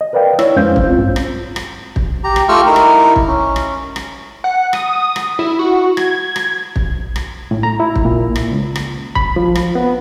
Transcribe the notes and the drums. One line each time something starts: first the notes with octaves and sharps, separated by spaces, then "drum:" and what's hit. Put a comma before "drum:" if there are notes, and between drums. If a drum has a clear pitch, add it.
D#5
A#4 B4 D5 F5 G5
E4 C#5 E6, drum: rim click
F2 G#3 C#4 C5 F5 G6
drum: kick
C4 F4
G2
drum: rim click
drum: rim click
drum: kick
G4 A#5
drum: rim click
A3 F4 G4 C#6 E6 F6
D#4 E4 A#4
drum: rim click
drum: kick
C#4
drum: rim click
drum: rim click
F#5
D#6, drum: rim click
drum: rim click
E4
F#4
G#6, drum: rim click
drum: rim click
drum: kick
drum: rim click
A2
A#5
E4
drum: kick
A#2
drum: rim click
C#2
drum: rim click
B5, drum: kick
F3
drum: rim click
B3